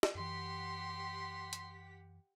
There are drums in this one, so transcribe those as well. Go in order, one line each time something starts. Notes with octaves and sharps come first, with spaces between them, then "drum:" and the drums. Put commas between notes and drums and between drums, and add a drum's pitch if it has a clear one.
drum: snare
F#2 E3 G4 F#5 C6 B6
drum: hi-hat